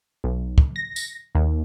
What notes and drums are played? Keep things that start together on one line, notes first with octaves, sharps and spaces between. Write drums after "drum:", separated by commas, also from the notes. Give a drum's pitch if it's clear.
B1
drum: kick
A#6
drum: tambourine
D#2